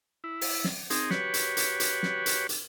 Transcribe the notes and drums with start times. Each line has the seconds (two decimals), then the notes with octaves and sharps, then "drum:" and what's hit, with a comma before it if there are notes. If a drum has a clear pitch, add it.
0.24 E4
0.41 drum: open hi-hat
0.64 drum: snare
0.90 C4 D#4 G#4, drum: hi-hat
1.11 F#4 G4 B4 C#5, drum: snare
1.34 drum: hi-hat
1.57 drum: hi-hat
1.80 drum: hi-hat
2.03 drum: snare
2.26 drum: hi-hat
2.49 drum: hi-hat